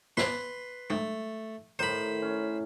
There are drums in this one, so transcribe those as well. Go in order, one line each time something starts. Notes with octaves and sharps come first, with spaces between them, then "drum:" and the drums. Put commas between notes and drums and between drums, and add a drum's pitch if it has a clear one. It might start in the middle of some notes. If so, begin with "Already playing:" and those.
B4 C6, drum: snare
A3, drum: tom G#3
A2 D#3 C5 B5
C#4